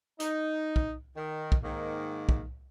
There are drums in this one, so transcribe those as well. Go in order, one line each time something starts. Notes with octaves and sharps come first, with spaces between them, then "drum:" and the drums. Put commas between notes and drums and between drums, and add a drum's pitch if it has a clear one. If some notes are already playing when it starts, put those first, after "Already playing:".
D#4, drum: hi-hat
drum: kick
D#3
drum: kick
G#2 D#3 A#3
drum: kick